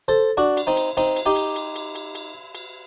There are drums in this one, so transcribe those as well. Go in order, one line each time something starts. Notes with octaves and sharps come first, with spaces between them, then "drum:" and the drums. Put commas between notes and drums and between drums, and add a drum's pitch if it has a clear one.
A4 C5
D4 F#4
drum: cymbal
C4 D#4
drum: cymbal
C4 D#4, drum: cymbal
drum: cymbal
D#4 G4
drum: cymbal
drum: cymbal
drum: cymbal
drum: cymbal
drum: cymbal
drum: cymbal